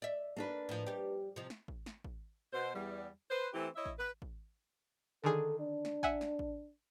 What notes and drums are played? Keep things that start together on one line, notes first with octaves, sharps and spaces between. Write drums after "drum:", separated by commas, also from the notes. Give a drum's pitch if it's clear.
D5 E5
A#3 D4 B4
A2 F3
G3 G4
C3 F3
drum: snare
drum: kick A1
drum: snare
drum: kick A1
B2 C5
E2 G3
B4 C5
E3 A3 C4 E4 G4
E4 C#5 D#5 E5
drum: kick A1
B4
drum: kick A1
D3 D#3 G#4 A4
D4
drum: snare
E5 F#5 G#5, drum: kick A1
drum: snare
drum: kick A1